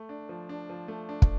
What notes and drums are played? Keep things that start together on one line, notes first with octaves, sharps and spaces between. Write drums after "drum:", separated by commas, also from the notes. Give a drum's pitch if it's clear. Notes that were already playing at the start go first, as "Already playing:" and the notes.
Already playing: A3
D4
F3
D4
F3
A3
D4
drum: kick